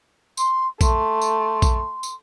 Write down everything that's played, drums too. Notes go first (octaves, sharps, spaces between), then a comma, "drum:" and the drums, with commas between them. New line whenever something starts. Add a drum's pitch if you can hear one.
C6, drum: tambourine
A3 C6, drum: kick A#1, tambourine
drum: tambourine
drum: kick A#1, tambourine
drum: tambourine